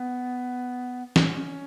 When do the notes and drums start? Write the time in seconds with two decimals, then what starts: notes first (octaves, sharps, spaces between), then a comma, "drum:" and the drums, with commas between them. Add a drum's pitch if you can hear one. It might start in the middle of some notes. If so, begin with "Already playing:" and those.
Already playing: B3
1.16 C#4, drum: snare